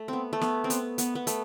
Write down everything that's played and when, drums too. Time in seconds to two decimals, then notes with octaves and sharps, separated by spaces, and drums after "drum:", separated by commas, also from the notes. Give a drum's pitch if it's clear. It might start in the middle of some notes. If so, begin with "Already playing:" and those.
Already playing: A3
0.08 B3 C4
0.33 A3
0.41 B3, drum: snare
0.64 C4
0.70 B3, drum: hi-hat
0.98 B3, drum: hi-hat
1.15 B3
1.27 A3, drum: hi-hat